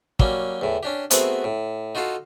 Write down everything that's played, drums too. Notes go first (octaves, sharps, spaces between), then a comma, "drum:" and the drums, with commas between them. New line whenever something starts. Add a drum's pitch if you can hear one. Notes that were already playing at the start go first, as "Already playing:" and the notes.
F#3 G3 A#3 C#4, drum: kick
E2 A2
C#4 D4 G4
A3 B3 C4 F#4 G#4 A#4, drum: hi-hat
A2
D#4 F4 F#4 A4 F5